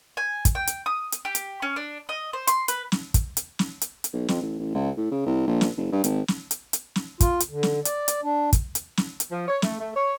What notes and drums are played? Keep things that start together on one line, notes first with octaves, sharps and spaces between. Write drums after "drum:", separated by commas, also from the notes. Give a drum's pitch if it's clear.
G#5
drum: kick, hi-hat
G5
drum: hi-hat
D#6
drum: hi-hat
G4
drum: hi-hat
C#4
D4
D#5
C5
C6, drum: hi-hat
B4, drum: hi-hat
drum: snare
drum: kick, hi-hat
drum: hi-hat
drum: snare
drum: hi-hat
drum: hi-hat
B1
F2, drum: snare
A1
A1
C#2
A2
C#3
C2
A#1
drum: snare
F#1
G2
G#1, drum: hi-hat
drum: snare
drum: hi-hat
drum: hi-hat
drum: snare
F4, drum: kick, hi-hat
drum: hi-hat
D3
drum: snare
D5, drum: hi-hat
drum: hi-hat
D4
drum: kick, hi-hat
drum: hi-hat
drum: snare
drum: hi-hat
F3
C#5
A3, drum: snare
A3
C#5